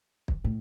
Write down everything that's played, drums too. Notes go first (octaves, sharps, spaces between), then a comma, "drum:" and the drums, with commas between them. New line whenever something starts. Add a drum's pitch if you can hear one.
drum: kick
A2